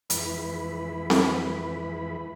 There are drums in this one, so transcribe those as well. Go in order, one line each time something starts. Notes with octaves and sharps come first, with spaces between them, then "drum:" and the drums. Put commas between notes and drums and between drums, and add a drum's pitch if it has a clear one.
F2 E3 G#3 E4 B4 B5, drum: hi-hat
drum: snare C4